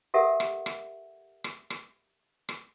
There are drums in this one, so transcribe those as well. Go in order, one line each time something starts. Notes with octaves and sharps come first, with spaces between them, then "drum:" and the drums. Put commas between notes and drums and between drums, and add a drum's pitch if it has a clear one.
G4 A4 A#4 E5 F#5
drum: rim click
drum: rim click
drum: rim click
drum: rim click
drum: rim click